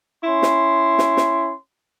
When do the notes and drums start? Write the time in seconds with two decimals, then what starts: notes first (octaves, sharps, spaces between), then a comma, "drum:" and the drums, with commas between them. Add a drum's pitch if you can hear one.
0.24 C#4 E4 C6
0.43 drum: snare
0.98 drum: snare
1.17 drum: snare